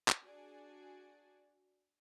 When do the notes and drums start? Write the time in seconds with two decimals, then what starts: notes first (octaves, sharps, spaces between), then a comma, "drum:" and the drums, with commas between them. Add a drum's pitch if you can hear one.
0.08 drum: clap
0.21 D4 F#4 G#4 D5